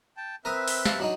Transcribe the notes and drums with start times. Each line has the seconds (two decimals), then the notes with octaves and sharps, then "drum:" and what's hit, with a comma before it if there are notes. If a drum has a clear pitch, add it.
0.17 G5 A5
0.45 C4 A#4 B4 E5 A#5 D#6
0.68 drum: open hi-hat
0.85 F5 A5, drum: snare
0.99 F#3 D4 D#4